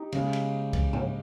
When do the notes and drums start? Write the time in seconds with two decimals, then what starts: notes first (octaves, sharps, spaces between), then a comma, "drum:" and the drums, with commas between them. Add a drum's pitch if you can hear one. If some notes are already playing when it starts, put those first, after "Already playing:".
Already playing: D#4 G4
0.12 C#3 G#3, drum: cymbal
0.33 drum: cymbal
0.73 drum: kick C2, cymbal
0.93 drum: tom G#2